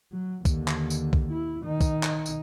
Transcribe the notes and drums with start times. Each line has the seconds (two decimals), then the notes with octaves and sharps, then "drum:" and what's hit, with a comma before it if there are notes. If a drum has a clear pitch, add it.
0.12 F#3
0.45 D#2 D3, drum: kick, tambourine
0.68 drum: clap
0.90 drum: tambourine
1.13 drum: kick
1.31 E4
1.63 D#3 D#4
1.81 drum: kick, tambourine
2.03 drum: clap
2.26 drum: tambourine